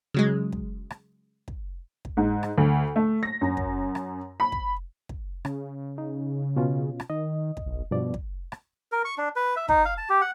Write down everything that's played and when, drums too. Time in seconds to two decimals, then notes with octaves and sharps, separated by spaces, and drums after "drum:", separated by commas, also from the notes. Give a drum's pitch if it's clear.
0.14 C#3 F#3 G#3
0.52 drum: kick
0.90 drum: rim click
1.48 drum: kick
2.05 drum: kick
2.17 G#2
2.43 drum: rim click
2.58 D2
2.96 A3
3.23 A#6
3.41 F#2
3.57 drum: kick
3.95 drum: rim click
4.40 B5
4.52 drum: kick
5.09 drum: kick
5.45 C#3, drum: rim click
5.98 D#4
6.56 B2 C#4 F4
7.00 drum: rim click
7.10 D#3 D#5
7.57 drum: kick
7.66 B1
7.91 G2 B2 F3 D5
8.14 drum: kick
8.52 drum: rim click
8.92 A#4
9.05 C#6
9.18 D4
9.36 B4
9.57 E5
9.69 D#4, drum: kick
9.85 F5
9.97 A5
10.10 G4
10.21 F#5